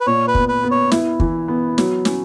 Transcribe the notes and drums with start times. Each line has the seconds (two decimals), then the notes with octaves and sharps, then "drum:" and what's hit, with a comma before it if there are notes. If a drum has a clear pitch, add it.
0.01 B4
0.07 A#2 C#5
0.28 B4
0.35 B3, drum: kick
0.49 B4
0.63 B3
0.71 C#5
0.92 E4, drum: snare
1.20 E3, drum: kick
1.48 B3
1.78 F#3, drum: snare
2.05 C#4, drum: snare